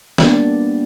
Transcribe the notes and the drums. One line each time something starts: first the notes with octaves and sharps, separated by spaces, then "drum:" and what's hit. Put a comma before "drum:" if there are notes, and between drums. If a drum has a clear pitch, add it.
G3 A#3 B3 D4 G4 D5, drum: snare